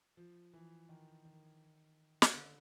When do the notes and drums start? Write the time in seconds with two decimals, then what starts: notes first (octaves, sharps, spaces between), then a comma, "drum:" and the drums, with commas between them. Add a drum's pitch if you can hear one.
0.17 F3
0.53 E3
0.89 D#3
1.25 D#3
2.22 drum: snare
2.33 D3